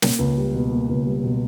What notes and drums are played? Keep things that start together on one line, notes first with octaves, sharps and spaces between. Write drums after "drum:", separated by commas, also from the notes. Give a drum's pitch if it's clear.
A#3, drum: snare
C#2
G3
B2
A#3
C#2
G3
B2